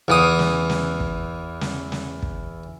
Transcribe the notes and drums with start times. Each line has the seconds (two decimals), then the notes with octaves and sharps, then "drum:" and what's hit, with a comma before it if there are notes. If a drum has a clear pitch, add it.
0.08 E2 E3 D#6
0.39 drum: snare
0.70 drum: snare
1.00 drum: kick
1.61 drum: snare
1.92 drum: snare
2.23 drum: kick